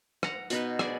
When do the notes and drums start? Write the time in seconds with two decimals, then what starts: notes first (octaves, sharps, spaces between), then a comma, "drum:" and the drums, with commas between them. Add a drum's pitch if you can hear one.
0.23 F#5 A#5, drum: rim click
0.50 B2 D#4 B4, drum: hi-hat
0.79 G#4 D5 G#5, drum: rim click